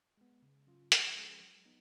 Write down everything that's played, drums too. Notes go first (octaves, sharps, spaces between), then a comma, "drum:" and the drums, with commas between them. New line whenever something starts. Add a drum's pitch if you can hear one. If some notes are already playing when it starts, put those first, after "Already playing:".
G#3 B3
C#3
F#3 C#4 F4
F3, drum: hi-hat
G#3 C#4 G#4 B4
F#3
B3 D#4